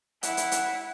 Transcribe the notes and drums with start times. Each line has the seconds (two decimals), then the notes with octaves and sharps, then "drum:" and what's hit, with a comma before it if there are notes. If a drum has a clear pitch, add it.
0.23 E4 F#5, drum: hi-hat
0.37 drum: hi-hat
0.52 drum: hi-hat